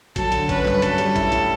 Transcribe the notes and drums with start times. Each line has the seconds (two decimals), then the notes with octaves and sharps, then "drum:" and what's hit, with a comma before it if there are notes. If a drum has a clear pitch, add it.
0.16 F#3 A4, drum: kick G#1, hi-hat
0.32 D3, drum: hi-hat
0.49 C#4 B4, drum: kick G#1, hi-hat
0.65 G2, drum: clap
0.82 C#4 A4, drum: hi-hat
0.98 G3, drum: hi-hat
1.16 E4, drum: kick G#1, hi-hat
1.32 A2, drum: hi-hat